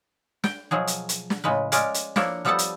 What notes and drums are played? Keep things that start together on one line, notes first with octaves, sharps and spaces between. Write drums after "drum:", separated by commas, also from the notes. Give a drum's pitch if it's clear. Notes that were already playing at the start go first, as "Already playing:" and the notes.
G5, drum: snare
B2 F3 F#3 G#4
drum: hi-hat
drum: hi-hat
drum: snare
A2 C#3 G#3 B4
G#3 C#4 D5 F5, drum: hi-hat
drum: hi-hat
F3 A#3 D4 E4 C#5, drum: snare
F3 G3 B3 A4 F#5 A5
drum: hi-hat